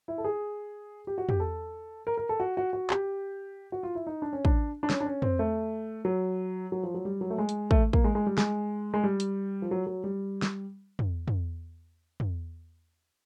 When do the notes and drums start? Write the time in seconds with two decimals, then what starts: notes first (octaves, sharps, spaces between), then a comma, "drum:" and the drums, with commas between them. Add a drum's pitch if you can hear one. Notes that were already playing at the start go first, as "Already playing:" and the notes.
0.08 E4
0.18 A4
0.24 G#4
1.07 G4
1.18 F#4
1.29 G4, drum: tom
1.40 A4
2.07 A#4
2.17 A#4
2.29 A4
2.40 F#4
2.57 F#4
2.73 F#4
2.90 G4, drum: clap
3.72 F#4
3.83 F4
3.95 E4
4.07 D#4
4.22 D4
4.33 C#4
4.45 D4, drum: kick
4.83 D4
4.90 C#4, drum: snare
5.00 D4
5.06 C#4
5.22 C4, drum: tom
5.39 A3
6.05 F#3
6.72 F#3
6.83 F3
6.94 F#3
7.05 G3
7.21 F#3
7.30 A3
7.38 G#3
7.49 drum: hi-hat
7.71 A3, drum: kick
7.93 A#3, drum: kick
8.04 G#3
8.15 G#3
8.27 G3
8.38 G#3, drum: snare
8.94 G#3
9.04 G3
9.20 drum: hi-hat
9.62 F3
9.71 F#3
9.87 F#3
10.04 G3
10.42 drum: snare
10.99 drum: tom
11.28 drum: tom
12.20 drum: tom